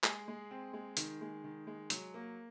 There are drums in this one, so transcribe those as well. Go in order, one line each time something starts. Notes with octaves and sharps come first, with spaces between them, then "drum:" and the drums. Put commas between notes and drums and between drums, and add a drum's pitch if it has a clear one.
G#3 G#4, drum: clap
G#3
C4
G#3
D#3, drum: hi-hat
G#3
D#3
G#3
F#3, drum: hi-hat
A#3